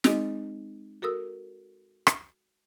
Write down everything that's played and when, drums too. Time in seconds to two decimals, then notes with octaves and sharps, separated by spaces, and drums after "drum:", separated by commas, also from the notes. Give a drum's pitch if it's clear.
0.04 G#3 C4 D#4 G#4 D#5, drum: snare
1.02 F#4 A4 A#4 D#6 E6
2.07 drum: rim click